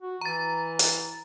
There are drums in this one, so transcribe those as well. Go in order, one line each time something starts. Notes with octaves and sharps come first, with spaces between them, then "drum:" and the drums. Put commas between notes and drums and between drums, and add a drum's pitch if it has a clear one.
F#4
E3 A#5 A6
drum: hi-hat